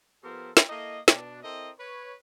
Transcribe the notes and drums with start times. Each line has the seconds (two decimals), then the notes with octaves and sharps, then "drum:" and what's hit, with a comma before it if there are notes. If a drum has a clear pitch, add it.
0.23 F3 B3 G4 A4 A#4 C5
0.57 drum: snare
0.69 A#3 E4 A4 D#5
1.08 B2 D4, drum: snare
1.43 C4 E4 A4 A#4 C5 D#5
1.78 B4 C#5